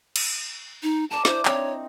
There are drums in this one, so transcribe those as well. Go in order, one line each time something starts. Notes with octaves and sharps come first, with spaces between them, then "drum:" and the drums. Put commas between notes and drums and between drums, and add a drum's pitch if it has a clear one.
drum: cymbal
D#4
A#4 D5 A5 D6
D4 E4 C5, drum: snare
C4 D#4 C#5, drum: clap